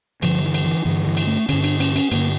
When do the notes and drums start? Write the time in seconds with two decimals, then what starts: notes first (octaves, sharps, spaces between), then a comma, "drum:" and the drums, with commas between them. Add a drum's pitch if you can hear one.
0.22 G2 D3 F3, drum: cymbal
0.44 E3
0.54 drum: cymbal
0.65 E3
0.85 G2 D3 E3
1.07 E3
1.17 drum: cymbal
1.27 A3
1.49 G2 D3 C#4, drum: cymbal
1.64 D4, drum: cymbal
1.80 C#4, drum: cymbal
1.96 C#4, drum: cymbal
2.11 G2 D3 A#3, drum: cymbal